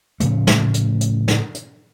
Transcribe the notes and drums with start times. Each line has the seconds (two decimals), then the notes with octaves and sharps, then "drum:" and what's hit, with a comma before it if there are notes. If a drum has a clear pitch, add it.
0.20 A2 C#3 F3 A3, drum: hi-hat
0.47 drum: snare
0.74 drum: hi-hat
1.01 drum: hi-hat
1.28 drum: snare
1.55 drum: hi-hat